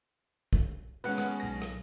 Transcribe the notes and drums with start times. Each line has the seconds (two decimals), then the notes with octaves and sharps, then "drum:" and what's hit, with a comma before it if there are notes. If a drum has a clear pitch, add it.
0.53 drum: kick
1.04 B2 G#3 C#4 B4 F#5
1.18 drum: rim click
1.40 B1 A#6
1.62 drum: rim click